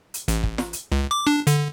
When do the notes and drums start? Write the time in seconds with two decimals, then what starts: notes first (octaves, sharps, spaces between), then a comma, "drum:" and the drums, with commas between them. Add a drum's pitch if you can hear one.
0.14 drum: hi-hat
0.28 A1, drum: hi-hat
0.43 drum: kick
0.58 drum: snare
0.73 drum: hi-hat
0.92 C#2
1.11 D6
1.27 D4
1.47 D3, drum: hi-hat